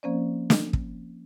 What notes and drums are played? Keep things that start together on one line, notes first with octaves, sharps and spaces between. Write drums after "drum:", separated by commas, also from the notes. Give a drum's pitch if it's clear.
F3 A#3 C4 C#4 C5 D5
drum: snare
drum: kick